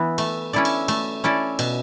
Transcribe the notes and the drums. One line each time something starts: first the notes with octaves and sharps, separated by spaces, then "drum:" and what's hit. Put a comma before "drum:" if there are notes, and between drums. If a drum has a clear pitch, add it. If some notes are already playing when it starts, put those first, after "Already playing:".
Already playing: E3 B3 E4
A3, drum: cymbal
C#4 E4 A4 D5
drum: cymbal
A3, drum: cymbal
C#4 E4 A4 D5
B2, drum: cymbal